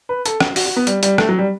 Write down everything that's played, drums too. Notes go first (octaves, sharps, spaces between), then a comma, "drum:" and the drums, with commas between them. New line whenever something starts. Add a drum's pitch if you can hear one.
B4
A4, drum: hi-hat
drum: rim click
F#4, drum: open hi-hat
F#4
B3
G3, drum: hi-hat
G3, drum: hi-hat
A3, drum: rim click
F#3
G3